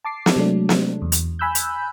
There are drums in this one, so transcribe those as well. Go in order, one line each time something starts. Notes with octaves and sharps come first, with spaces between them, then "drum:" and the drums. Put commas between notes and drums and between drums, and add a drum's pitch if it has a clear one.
A5 D6 C7
drum: snare
C3 F#3 G#3 A3 D4
drum: snare
E2
drum: hi-hat
G#5 B5 E6 F#6 G6
drum: hi-hat